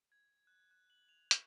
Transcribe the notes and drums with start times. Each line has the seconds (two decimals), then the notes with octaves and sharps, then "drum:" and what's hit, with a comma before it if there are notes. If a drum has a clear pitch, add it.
0.12 G#6
0.47 F#6
0.71 F#6
0.90 F#7
1.09 F7
1.31 C#6, drum: hi-hat